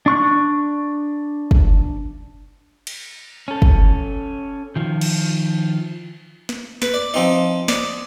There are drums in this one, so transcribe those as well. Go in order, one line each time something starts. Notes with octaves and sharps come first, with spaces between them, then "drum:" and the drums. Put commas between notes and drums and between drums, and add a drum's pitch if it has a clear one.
D4 C#6 F#6
drum: kick
drum: cymbal
C#4 A4
drum: kick
D#3 F3
drum: cymbal
drum: snare
B4, drum: snare
D5
F3 C4 D#4
D5 D#6, drum: snare